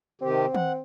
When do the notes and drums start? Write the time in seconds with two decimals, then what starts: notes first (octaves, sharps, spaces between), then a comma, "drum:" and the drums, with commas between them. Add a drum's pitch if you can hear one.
0.21 C3 D#3 C4 G4
0.55 F#5, drum: tom D#3